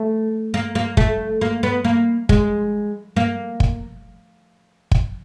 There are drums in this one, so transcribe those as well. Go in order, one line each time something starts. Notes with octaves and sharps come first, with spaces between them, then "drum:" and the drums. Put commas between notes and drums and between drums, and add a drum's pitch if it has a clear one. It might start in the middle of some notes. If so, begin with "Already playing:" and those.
Already playing: A3
A#3
A#3
A3, drum: kick
A#3
B3
A#3
G#3, drum: kick
A#3
drum: kick
drum: kick